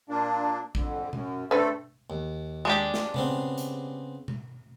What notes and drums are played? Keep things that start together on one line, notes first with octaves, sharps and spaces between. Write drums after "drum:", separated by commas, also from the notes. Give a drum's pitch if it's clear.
A#2 A#3 D4
F2 D3, drum: kick A1
F#2, drum: tom B2
A3 C4 D4 A4 B4
D#2
G#3 D4 G4
drum: snare
C#3 B3 C4, drum: tom B2
drum: hi-hat
drum: tom B2